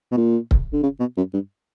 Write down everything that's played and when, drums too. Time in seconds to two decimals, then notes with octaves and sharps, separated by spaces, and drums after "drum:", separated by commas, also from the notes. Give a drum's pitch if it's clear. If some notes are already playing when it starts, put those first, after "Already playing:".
0.12 B2
0.17 A#2
0.51 drum: kick C#1
0.73 D3
0.83 C#3
1.00 B2
1.17 F#2
1.33 G2